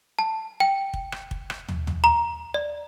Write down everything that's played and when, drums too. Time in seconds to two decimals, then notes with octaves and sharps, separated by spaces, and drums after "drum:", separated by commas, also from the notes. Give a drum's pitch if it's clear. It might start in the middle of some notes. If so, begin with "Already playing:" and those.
0.19 A5
0.60 G5
0.94 drum: kick
1.12 drum: rim click
1.31 drum: kick
1.50 drum: rim click
1.69 drum: tom
1.87 drum: tom
2.04 A#5
2.54 D5